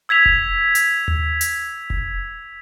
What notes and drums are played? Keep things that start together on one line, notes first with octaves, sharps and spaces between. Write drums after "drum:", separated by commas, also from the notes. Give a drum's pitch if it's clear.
E6 G#6 B6 F7
drum: kick F1
drum: hi-hat
drum: tom D#2
drum: hi-hat
drum: kick F1